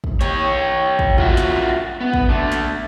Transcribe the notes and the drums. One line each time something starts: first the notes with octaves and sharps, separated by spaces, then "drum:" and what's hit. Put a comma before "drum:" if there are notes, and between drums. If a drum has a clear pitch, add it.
drum: kick
G4 C#5, drum: snare
drum: kick
F4 F#4 E5, drum: kick
drum: snare
B3
drum: kick
D3 A3
drum: snare